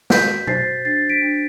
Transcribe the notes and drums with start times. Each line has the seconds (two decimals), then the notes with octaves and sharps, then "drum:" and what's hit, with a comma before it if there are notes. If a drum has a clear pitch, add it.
0.10 F#4 G6 B6, drum: snare
0.47 C5 A6 C7, drum: tom B2
0.85 D4 A6 C7
1.10 B6 D7
1.22 D4